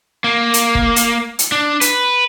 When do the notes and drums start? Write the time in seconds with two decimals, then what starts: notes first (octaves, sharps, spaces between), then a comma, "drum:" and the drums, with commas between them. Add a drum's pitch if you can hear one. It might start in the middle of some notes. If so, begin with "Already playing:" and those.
0.24 A#3
0.54 drum: hi-hat
0.75 drum: kick
0.96 drum: hi-hat
1.39 drum: hi-hat
1.52 D4
1.81 B4, drum: hi-hat